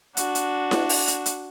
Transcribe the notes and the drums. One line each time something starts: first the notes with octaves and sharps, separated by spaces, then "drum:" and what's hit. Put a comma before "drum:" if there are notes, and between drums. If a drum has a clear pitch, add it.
D4 F#4, drum: hi-hat
drum: hi-hat
drum: snare E4
drum: open hi-hat
drum: hi-hat
drum: hi-hat